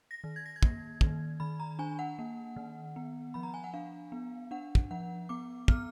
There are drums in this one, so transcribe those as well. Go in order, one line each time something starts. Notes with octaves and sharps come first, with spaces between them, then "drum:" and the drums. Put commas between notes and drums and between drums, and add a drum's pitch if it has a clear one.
A#6
D#3
G#6
A#6
G#6
A#3, drum: kick
D#3, drum: kick
D#3 B5
A#5
D4 G#5
F#5
A#3
D#3
B3
F3 B5
A#5
G#5
F#5
D4 F5
B3
D4 F#5
drum: kick
F3 F#5
B3 D6
B3 F6, drum: kick